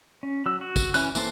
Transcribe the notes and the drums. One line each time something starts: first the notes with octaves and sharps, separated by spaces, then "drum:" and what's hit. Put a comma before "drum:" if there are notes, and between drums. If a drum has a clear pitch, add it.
C#4
F#3 E6
F#4
drum: kick, tambourine
E3 C#4 G#5 F#6, drum: tambourine
E3 A#3 C4 A4 C5, drum: tambourine